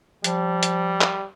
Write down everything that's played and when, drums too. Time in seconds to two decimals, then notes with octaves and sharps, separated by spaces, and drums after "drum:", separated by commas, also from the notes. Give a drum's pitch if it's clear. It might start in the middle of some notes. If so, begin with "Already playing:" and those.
0.24 F3 G3, drum: hi-hat
0.63 drum: hi-hat
1.01 drum: clap